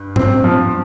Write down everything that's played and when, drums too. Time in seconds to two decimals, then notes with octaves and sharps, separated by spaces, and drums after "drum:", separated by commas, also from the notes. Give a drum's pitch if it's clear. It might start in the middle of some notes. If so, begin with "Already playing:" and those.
Already playing: G2
0.16 C4, drum: tom G#2
0.44 F3